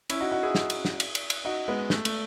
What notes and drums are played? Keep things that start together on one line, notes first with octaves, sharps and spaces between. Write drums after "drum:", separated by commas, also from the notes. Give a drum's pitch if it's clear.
C#4 E4, drum: cymbal
D#4 F#4
D#4 F#4
E4 G#4
drum: snare
drum: cymbal
drum: snare
drum: cymbal
drum: cymbal
drum: cymbal
D#4 F#4
G#3 B3
A3, drum: snare
A3, drum: cymbal